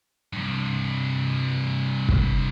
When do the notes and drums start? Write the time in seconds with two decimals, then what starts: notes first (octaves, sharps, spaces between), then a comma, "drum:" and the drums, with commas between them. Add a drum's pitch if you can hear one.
0.33 G2 C3
2.09 drum: kick